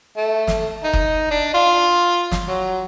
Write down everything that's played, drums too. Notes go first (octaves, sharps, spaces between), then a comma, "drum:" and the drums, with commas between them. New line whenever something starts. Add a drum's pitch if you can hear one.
A3
drum: snare
D#4
drum: kick F#1
D4
F4
drum: snare
F#3